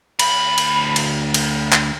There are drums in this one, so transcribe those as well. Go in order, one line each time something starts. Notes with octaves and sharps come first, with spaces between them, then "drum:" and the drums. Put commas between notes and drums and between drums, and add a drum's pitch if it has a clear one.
D2 B5, drum: cymbal
drum: cymbal
drum: cymbal
drum: cymbal
drum: clap